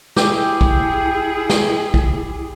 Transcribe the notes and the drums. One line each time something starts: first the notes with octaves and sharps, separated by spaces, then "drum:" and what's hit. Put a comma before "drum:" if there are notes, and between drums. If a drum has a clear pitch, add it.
E4 G4 G#4, drum: snare
drum: kick
drum: snare
drum: kick